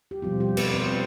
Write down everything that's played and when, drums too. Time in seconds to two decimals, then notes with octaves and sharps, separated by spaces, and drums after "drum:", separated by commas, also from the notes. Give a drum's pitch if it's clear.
0.11 G4
0.22 B2 F3 G3 C4 F4
0.40 G3 G4
0.57 B3 B4, drum: cymbal
0.74 C4 C5